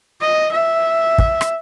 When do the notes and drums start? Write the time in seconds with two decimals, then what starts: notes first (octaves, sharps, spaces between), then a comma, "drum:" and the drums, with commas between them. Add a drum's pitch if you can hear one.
0.21 D#5
0.52 E5
1.18 drum: kick
1.41 drum: rim click